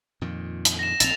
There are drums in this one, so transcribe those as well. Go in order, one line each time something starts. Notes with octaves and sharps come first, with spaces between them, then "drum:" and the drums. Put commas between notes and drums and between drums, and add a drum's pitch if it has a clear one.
F2 A#2 D#3
drum: hi-hat
A#6 E7
A#1 C4 A6 F7, drum: hi-hat